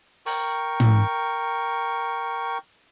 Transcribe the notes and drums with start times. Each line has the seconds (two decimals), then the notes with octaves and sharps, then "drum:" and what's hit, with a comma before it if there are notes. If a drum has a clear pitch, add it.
0.26 A#4 G5 C#6, drum: open hi-hat
0.80 drum: tom